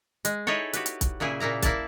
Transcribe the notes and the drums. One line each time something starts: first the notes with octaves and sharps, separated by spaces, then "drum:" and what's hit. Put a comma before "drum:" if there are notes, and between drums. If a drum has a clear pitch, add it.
G#3, drum: hi-hat
D#4 E4 G#4 A4 C#5
F#4 G4 B4, drum: hi-hat
drum: hi-hat
drum: kick, hi-hat
A#2 C#3 E4 G#4
A#2 A#3 E4 A#5
A#3 E4 D5 A5, drum: kick, hi-hat